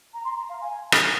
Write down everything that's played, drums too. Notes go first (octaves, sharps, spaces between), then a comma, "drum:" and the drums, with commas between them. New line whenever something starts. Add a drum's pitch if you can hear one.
A#5
C6
A#5
F5
G#5
drum: rim click